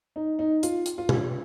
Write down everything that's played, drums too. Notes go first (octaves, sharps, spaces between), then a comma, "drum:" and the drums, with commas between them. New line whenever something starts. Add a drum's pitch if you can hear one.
D#4
D#4
F4, drum: hi-hat
drum: hi-hat
F4
drum: tom B2